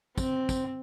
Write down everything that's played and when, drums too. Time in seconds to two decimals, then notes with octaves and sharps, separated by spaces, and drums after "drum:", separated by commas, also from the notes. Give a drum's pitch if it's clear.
0.18 C4, drum: kick, tambourine
0.49 drum: kick, tambourine